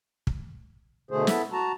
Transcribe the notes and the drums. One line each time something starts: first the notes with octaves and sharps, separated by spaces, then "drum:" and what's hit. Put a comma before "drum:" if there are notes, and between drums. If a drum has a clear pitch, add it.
drum: kick
B2 D3 A3 G#4 C5
B3 E4 A4 E5, drum: snare
F#4 A5 A#5